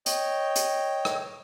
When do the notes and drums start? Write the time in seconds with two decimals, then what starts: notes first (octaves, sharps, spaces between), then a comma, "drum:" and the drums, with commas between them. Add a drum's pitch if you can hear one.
0.06 C#5 D#5 G5, drum: hi-hat
0.56 drum: hi-hat
1.05 drum: rim click